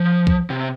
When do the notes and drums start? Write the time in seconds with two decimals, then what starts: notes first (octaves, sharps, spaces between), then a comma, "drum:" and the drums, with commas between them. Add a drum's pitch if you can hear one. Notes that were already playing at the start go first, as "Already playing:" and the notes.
Already playing: F3
0.27 drum: kick
0.50 C3